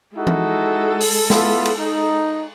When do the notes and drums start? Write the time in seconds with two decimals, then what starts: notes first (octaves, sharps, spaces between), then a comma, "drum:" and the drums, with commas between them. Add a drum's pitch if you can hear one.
0.16 G#3 D#4 E4 F#4 A4
0.27 drum: tom E3
1.01 drum: open hi-hat
1.30 B3 E4 F4, drum: snare
1.65 drum: cymbal
1.78 D#4